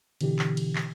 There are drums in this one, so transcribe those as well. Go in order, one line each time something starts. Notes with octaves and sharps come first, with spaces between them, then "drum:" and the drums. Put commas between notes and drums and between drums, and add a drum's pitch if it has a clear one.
B2 D3 E3 G4, drum: cymbal
drum: clap
drum: cymbal
drum: clap